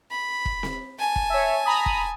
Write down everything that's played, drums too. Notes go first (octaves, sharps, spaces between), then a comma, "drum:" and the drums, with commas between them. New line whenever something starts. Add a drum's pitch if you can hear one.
B5
drum: kick
drum: snare C4
G#5 A5
drum: kick
C#5 E5
A#5 B5 D#6
drum: kick